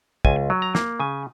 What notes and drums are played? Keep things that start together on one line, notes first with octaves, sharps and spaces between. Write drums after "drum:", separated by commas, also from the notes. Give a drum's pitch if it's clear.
C#2 G#5, drum: kick
F#3
A#5
A#3, drum: snare
C#3 G#5